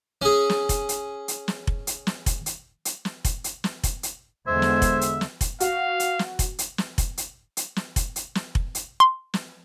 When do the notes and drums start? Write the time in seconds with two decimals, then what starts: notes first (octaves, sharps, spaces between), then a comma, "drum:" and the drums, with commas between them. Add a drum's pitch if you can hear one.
0.22 C#4 G#4
0.49 drum: snare
0.69 drum: kick F1, hi-hat
0.89 drum: hi-hat
1.28 drum: hi-hat
1.48 drum: snare
1.67 drum: kick F1
1.87 drum: hi-hat
2.07 drum: snare
2.26 drum: kick F1, hi-hat
2.46 drum: hi-hat
2.85 drum: hi-hat
3.05 drum: snare
3.25 drum: kick F1, hi-hat
3.44 drum: hi-hat
3.64 drum: snare
3.83 drum: kick F1, hi-hat
4.03 drum: hi-hat
4.47 E2 D3 G#3 C5 E5 G#6
4.62 drum: snare
4.82 drum: kick F1, hi-hat
5.01 drum: hi-hat
5.21 drum: snare
5.41 drum: kick F1, hi-hat
5.60 F#4 F5, drum: hi-hat
6.00 drum: hi-hat
6.19 drum: snare
6.39 drum: kick F1, hi-hat
6.59 drum: hi-hat
6.78 drum: snare
6.98 drum: kick F1, hi-hat
7.17 drum: hi-hat
7.57 drum: hi-hat
7.76 drum: snare
7.96 drum: kick F1, hi-hat
8.16 drum: hi-hat
8.35 drum: snare
8.55 drum: kick F1
8.75 drum: hi-hat
9.00 C6
9.34 drum: snare